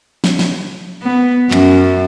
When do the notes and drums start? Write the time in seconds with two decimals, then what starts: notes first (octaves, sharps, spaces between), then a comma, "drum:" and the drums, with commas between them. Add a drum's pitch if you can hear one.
0.24 drum: snare
0.39 drum: snare
1.03 B3
1.51 F#2, drum: clap